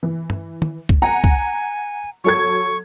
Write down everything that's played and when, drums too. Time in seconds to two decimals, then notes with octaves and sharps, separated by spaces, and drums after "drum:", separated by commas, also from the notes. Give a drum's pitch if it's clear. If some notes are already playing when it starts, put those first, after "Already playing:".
0.03 E3
0.30 drum: tom
0.62 drum: tom
0.89 drum: kick
1.02 F#5 G#5 A#5
1.24 drum: kick
2.24 F#3 A4 C#6 G#6